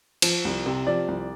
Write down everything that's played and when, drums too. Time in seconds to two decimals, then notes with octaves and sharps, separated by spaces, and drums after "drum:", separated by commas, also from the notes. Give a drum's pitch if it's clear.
0.22 F3, drum: cymbal
0.45 C2
0.66 C3
0.87 F3 D5
1.08 C2